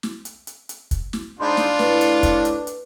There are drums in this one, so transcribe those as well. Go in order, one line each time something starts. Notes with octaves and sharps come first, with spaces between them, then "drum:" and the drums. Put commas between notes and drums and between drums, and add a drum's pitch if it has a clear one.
drum: snare
drum: hi-hat
drum: hi-hat
drum: hi-hat
drum: kick, hi-hat
drum: snare
G#2 D4 F4 D#5 B5 C6
drum: snare
A2 B4, drum: snare
drum: hi-hat
drum: kick, hi-hat
drum: hi-hat
drum: hi-hat